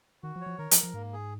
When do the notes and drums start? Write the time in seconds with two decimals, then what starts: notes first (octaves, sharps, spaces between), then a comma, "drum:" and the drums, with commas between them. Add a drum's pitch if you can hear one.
0.23 D#3 F#4
0.36 F3
0.41 C#5
0.46 F3
0.59 D#3 A#4
0.71 F3, drum: hi-hat
0.77 A#4
0.83 F3
0.94 G#2 A#3
1.13 G#4